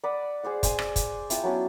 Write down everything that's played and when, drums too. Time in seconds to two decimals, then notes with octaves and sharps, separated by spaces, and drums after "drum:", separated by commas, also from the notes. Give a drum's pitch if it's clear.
0.03 D5 F#5 B5 D#6
0.44 G#4 C5 D5 F#5
0.63 G#5 C6, drum: kick, hi-hat
0.79 drum: rim click
0.96 drum: kick, hi-hat
1.30 E4 F4 G5 A5, drum: hi-hat
1.44 F#3 B3 C#4